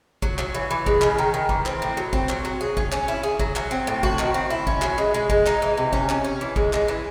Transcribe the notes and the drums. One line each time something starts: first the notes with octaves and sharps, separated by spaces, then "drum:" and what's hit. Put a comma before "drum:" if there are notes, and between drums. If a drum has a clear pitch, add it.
F#3, drum: kick
F#3, drum: clap
E3
E3
G#3, drum: kick
C#3, drum: clap
D#3
D#3
E3, drum: kick
C4, drum: clap
A2
F#3
C4, drum: kick
F#3, drum: clap
F#3
G#4
C#4, drum: kick
C#4, drum: clap
E4
G#4
F#3, drum: kick
F#3, drum: clap
C4
A2
F#4, drum: kick
D#3, drum: clap
C4
E4
C#4, drum: kick
F#3, drum: clap
G#3
G#3
G#3, drum: kick
D#4, drum: clap
E3
C3
C#4, drum: kick
C#4, drum: clap
C#4
E3
G#3, drum: kick
G#3, drum: clap
E3